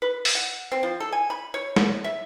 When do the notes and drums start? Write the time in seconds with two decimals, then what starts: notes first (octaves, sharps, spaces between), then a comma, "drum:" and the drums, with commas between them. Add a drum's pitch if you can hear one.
0.02 B4
0.25 drum: open hi-hat
0.35 F#5
0.72 C4
0.83 F3
1.00 A4
1.12 G#5
1.30 B5
1.54 C#5
1.76 C#5, drum: snare
2.04 E5